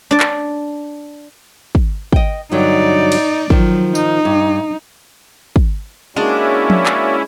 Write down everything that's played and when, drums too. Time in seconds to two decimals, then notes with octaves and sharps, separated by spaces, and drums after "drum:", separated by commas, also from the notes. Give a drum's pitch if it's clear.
0.11 D4 D5
0.20 drum: clap
1.75 drum: kick
2.13 D#5 G5, drum: kick
2.52 G2 D3 F#3 D#4 D5
3.12 drum: cymbal
3.50 D#3 F3 F#3, drum: kick
3.95 D#4, drum: tambourine
4.25 G2
5.56 drum: kick
6.16 G#3 A#3 C#4 D4 E4 F#4 D5
6.70 drum: tom F3
6.86 drum: clap